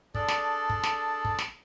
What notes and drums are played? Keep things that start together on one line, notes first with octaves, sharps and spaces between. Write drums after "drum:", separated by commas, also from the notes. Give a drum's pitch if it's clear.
D4 G#4 A4 D5, drum: kick
drum: snare
drum: kick
drum: snare
drum: kick
drum: snare